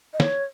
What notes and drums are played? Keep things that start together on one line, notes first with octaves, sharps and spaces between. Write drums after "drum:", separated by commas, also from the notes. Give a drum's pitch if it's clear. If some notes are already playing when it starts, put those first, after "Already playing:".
D#5
C#5, drum: snare